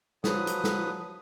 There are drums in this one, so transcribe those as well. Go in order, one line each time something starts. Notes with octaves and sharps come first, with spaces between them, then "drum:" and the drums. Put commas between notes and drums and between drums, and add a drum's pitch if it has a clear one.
F3 F#3 B4 D#6, drum: snare
drum: hi-hat
drum: snare